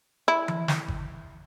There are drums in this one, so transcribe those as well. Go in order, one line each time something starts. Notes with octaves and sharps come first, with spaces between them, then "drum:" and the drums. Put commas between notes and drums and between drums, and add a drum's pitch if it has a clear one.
E4
drum: tom E3
drum: snare
drum: kick G1